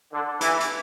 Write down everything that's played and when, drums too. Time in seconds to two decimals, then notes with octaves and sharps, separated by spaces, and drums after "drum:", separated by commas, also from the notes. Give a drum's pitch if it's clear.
0.13 D3
0.41 E3, drum: hi-hat
0.60 drum: hi-hat